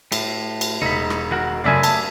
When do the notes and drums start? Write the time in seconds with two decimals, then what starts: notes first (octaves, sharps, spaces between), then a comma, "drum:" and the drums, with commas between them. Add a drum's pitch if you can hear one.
0.12 A2, drum: cymbal
0.61 drum: cymbal
0.82 E1 D#4 B5
1.10 drum: rim click
1.31 D#3 F#4 A#4
1.64 F#2 C#3 A3 D5 E5 G#5
1.83 A5, drum: cymbal